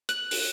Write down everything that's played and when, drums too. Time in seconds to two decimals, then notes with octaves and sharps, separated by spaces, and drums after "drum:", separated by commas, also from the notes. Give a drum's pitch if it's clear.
0.09 F#6, drum: hi-hat
0.31 drum: open hi-hat